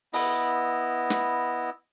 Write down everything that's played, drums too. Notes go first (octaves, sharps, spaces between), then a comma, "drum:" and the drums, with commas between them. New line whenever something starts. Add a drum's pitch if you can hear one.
B3 E4 D#5, drum: open hi-hat
drum: snare